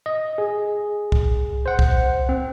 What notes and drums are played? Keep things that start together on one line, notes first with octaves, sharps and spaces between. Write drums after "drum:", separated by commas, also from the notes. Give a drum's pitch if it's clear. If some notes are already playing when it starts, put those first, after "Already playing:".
D#5
G#4
drum: kick C2
C5 F#5
drum: kick C2
C4